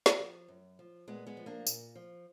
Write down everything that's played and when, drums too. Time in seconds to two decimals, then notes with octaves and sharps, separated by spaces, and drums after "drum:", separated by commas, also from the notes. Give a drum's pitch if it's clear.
0.06 drum: snare
0.19 F3
0.48 F#2
0.79 F3
1.08 A#2 G#3 B3
1.27 G#3 B3
1.37 F3
1.46 A#3 D4
1.67 A#2, drum: tambourine
1.95 F3